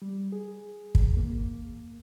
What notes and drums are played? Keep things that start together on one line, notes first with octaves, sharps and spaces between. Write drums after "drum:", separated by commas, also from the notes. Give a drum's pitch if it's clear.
G3
G#4
drum: kick
A#3